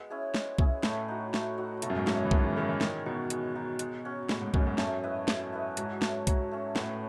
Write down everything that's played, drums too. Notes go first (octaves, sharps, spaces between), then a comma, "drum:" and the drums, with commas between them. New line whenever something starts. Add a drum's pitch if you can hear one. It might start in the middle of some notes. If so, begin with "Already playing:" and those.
Already playing: G#3 B3
C#4 E4 G#4
G#3, drum: snare
C#4 E4 G#4, drum: kick C2
A2 A3, drum: snare
D#4 F#4
A3, drum: snare
D#4 F#4
B2 A3, drum: hi-hat
F#2
G#2
G#2 E4 G#4 C#5, drum: snare
E3
D#3 A3, drum: kick C2
C#3
E3
D#3 E4 G#4 C#5
E3
D#3 G#3, drum: snare
B2 D#4 F#4
G#3, drum: hi-hat
D#4 F#4
G#3, drum: hi-hat
C#4 F#4
A2 G#3, drum: snare
G#2
F#2 C#4 F#4, drum: kick C2
G#2
F#2 A3, drum: snare
E4 B4 D#5
A3, drum: snare
E4 B4 D#5
G#2 F#3, drum: hi-hat
A3 C#4, drum: snare
F#3, drum: kick C2, hi-hat
A3 C#4
A2 B3, drum: snare